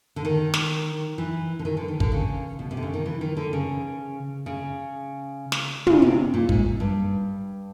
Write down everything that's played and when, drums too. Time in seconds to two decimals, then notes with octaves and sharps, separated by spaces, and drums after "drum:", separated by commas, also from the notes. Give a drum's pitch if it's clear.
0.16 D3
0.25 D#3
0.54 drum: snare
1.18 E3
1.59 D3
1.65 D#3
1.77 D3
1.88 D#3
2.00 D3, drum: kick
2.12 C#3
2.59 B2
2.71 C3
2.77 D3
2.83 C#3
2.94 D#3
3.06 E3
3.21 D#3
3.37 D3
3.53 C#3
4.46 C#3
5.52 drum: snare
5.87 C#3, drum: tom
6.02 C3
6.34 A#2
6.49 G#2, drum: kick
6.80 G2